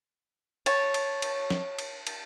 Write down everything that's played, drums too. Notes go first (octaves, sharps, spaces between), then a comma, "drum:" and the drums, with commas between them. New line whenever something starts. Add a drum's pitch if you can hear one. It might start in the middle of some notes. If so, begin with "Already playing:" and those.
C#5 A5, drum: cymbal
drum: cymbal
drum: cymbal
drum: snare
drum: cymbal
drum: cymbal